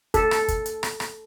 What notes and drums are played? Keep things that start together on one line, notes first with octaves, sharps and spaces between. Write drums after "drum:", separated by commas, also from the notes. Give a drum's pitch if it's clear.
A4, drum: kick, hi-hat
drum: rim click
drum: kick, hi-hat
drum: hi-hat
drum: rim click
drum: rim click